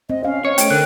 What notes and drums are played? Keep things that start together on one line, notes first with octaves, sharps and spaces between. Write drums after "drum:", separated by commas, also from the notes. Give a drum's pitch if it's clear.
C4 D#5
C#4 F5
C#5 D#5
A3 G5 D7, drum: hi-hat
D3 A#4 F#6